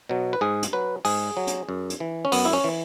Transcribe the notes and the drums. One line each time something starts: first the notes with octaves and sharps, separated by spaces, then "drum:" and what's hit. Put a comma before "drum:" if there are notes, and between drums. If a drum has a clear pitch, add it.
B2 F#3
B4
G#2 G#4
drum: hi-hat
F#3 B4
G#2 G#4, drum: open hi-hat
F#3
drum: hi-hat
F#2
drum: hi-hat
E3
C#4
F#2 B3, drum: open hi-hat
E4
C#4
E3